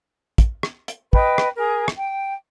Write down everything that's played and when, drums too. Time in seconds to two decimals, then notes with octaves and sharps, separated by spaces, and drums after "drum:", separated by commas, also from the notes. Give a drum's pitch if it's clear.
0.38 drum: kick, hi-hat
0.63 drum: rim click
0.88 drum: hi-hat
1.13 B4 D#5 G5, drum: kick
1.38 drum: rim click
1.55 G#4 A#4
1.88 drum: rim click
1.97 G5